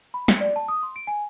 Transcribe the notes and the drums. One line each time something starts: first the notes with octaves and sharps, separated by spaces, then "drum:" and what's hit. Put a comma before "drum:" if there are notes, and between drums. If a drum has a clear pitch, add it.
B5
G5, drum: snare
D5
A5
D#6
C6
D7
G#5